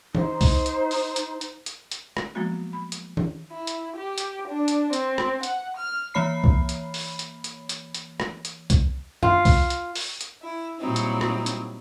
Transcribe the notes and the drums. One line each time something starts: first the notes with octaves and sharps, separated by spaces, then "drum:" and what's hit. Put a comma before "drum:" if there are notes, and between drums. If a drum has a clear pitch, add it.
D#4 C5, drum: tom E3
drum: kick C2, open hi-hat
drum: hi-hat
drum: open hi-hat
drum: hi-hat
drum: hi-hat
drum: hi-hat
drum: hi-hat
drum: rim click
F3 F#3 G#3 A#3 B3 F#4
B5
drum: hi-hat
drum: tom E3
E4
drum: hi-hat
G4
drum: hi-hat
D4
drum: hi-hat
C4, drum: hi-hat
drum: rim click
F#5, drum: hi-hat
F6
E3 A#3 C#5 B5 C7
drum: kick C2
drum: hi-hat
drum: open hi-hat
drum: hi-hat
drum: hi-hat
drum: hi-hat
drum: hi-hat
drum: rim click
drum: hi-hat
drum: kick C2, hi-hat
F4, drum: tom F#2
drum: kick C2, open hi-hat
drum: hi-hat
drum: open hi-hat
drum: hi-hat
E4
A#2 F#3 G3 C4 D#4 E4
drum: hi-hat
drum: rim click
drum: hi-hat